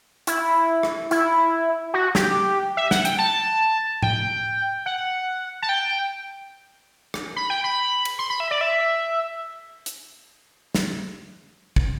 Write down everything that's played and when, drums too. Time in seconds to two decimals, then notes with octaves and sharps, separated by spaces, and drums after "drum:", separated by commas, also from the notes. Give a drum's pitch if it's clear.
0.27 E4, drum: hi-hat
0.83 drum: rim click
1.11 E4, drum: tambourine
1.94 F#4
2.15 G4, drum: snare
2.77 E5
2.91 F#5, drum: snare
3.05 G5, drum: hi-hat
3.19 A5
4.02 G5, drum: tom A2
4.86 F#5
5.62 A5
5.69 G5
7.14 drum: rim click
7.36 B5
7.50 G5
7.64 B5
8.05 drum: cymbal
8.19 C6
8.30 B5
8.40 E5
8.51 D5
8.61 E5
9.86 drum: hi-hat
10.75 drum: snare
11.76 drum: kick